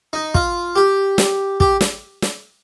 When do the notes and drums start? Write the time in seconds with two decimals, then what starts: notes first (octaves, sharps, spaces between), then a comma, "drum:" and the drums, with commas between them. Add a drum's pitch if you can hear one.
0.13 D#4
0.35 F4, drum: kick
0.76 G4
1.18 drum: snare
1.60 G4, drum: kick
1.81 drum: snare
2.22 drum: snare